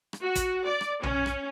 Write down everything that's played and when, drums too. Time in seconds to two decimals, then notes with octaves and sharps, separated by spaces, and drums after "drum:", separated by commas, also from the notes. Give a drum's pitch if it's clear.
0.13 drum: rim click
0.23 F#4
0.36 drum: kick, hi-hat
0.64 D5
0.81 drum: rim click
1.03 C#4, drum: tom B1
1.26 drum: rim click